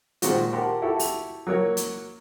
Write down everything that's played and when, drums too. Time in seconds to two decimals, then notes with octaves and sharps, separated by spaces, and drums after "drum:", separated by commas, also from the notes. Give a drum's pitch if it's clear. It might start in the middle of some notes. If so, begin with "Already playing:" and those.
0.22 A#2 D#3 G#3 C4 F#4, drum: hi-hat
0.52 G4 A#4 F#5 A5 C6
0.82 E4 F#4 G4 A4
0.99 drum: open hi-hat
1.47 F#3 A#3 A#4 C#5
1.77 drum: hi-hat